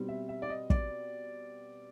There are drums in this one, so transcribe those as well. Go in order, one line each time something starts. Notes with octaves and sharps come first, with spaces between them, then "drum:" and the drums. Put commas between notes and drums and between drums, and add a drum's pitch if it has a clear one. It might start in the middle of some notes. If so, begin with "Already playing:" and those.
Already playing: B2 G3 C4
E5
E5
D5
D#5
D5, drum: kick